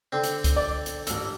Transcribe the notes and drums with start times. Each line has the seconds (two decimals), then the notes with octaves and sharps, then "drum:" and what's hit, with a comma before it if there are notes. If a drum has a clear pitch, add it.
0.12 D3 C4
0.23 drum: hi-hat
0.44 drum: kick C#2, hi-hat
0.56 D5
0.86 drum: hi-hat
1.07 A1 E6, drum: hi-hat